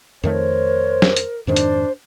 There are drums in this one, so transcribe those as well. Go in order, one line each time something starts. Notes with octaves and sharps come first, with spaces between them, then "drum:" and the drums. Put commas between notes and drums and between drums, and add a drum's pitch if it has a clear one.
F2 D#3 A3 A#4 C5 C#5
drum: snare
drum: hi-hat
F2 G#2 D#3 D4 C5
drum: hi-hat